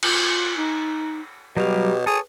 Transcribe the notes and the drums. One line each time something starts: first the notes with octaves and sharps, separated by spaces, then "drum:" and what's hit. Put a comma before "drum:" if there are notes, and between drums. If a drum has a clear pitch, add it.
F4, drum: cymbal
D#4
B2 F#3 G3 G4 F5
G#4 A4 B4 C#5